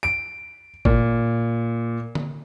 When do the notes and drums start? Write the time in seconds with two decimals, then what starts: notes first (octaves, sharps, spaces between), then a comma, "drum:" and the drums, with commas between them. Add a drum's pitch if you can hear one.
0.03 D7
0.85 A#2, drum: kick G#1
2.15 drum: tom D3